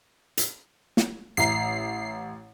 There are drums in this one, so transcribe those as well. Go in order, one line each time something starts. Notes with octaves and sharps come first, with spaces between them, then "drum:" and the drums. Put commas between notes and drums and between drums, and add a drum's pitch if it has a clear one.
drum: hi-hat
drum: snare
A1 E5 A#5 C7